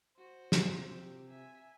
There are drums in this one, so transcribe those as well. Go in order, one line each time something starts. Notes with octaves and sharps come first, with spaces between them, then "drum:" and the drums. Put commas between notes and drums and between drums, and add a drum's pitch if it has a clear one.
F#4 C5
C3 F4, drum: snare
G4
E5 G#5